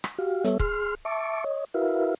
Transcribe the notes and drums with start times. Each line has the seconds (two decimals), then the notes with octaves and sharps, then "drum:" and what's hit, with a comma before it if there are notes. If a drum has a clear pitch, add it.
0.04 drum: rim click
0.19 F#4 G4 F5
0.44 G3 B3 A4 C#5 E5, drum: hi-hat
0.59 G#4 C6 F6, drum: kick
1.05 E5 A5 C#6 D6
1.44 C#5 D#5
1.74 E4 F#4 A#4 B4 E5 F5